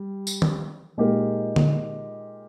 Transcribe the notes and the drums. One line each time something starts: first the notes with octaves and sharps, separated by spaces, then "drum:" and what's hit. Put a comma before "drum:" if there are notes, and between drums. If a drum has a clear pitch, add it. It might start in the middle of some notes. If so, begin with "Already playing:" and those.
Already playing: G3
drum: tambourine
drum: tom D#3
A#2 G#3 D#4 G4 A#4
drum: tom D3